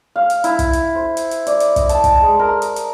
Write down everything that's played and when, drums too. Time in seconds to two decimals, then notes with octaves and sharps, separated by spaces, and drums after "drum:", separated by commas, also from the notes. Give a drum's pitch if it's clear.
0.16 F5
0.30 drum: hi-hat
0.44 E4, drum: hi-hat
0.59 drum: kick, hi-hat
0.73 drum: hi-hat
0.95 C5
1.17 drum: hi-hat
1.31 drum: hi-hat
1.47 D5, drum: hi-hat
1.60 drum: hi-hat
1.76 D#5, drum: kick, hi-hat
1.89 A5, drum: hi-hat
2.04 drum: kick, hi-hat
2.21 G#3
2.39 A#4
2.62 drum: hi-hat
2.76 drum: hi-hat